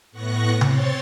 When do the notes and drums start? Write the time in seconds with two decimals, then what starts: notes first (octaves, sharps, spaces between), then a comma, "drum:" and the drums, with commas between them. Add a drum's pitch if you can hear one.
0.12 A2 B3 C#6 F#6 A#6
0.61 C4 C#5 C6 A6, drum: tom C3